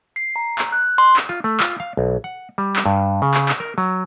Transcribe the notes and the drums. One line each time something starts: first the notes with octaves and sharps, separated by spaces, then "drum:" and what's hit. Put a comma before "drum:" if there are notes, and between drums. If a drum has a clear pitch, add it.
C7
A#5
drum: clap
F#6
C6
drum: clap
F4
A3
F4, drum: clap
F5
B1
F#5
G3
drum: clap
G2
C#3
drum: clap
drum: clap
A#4
F#3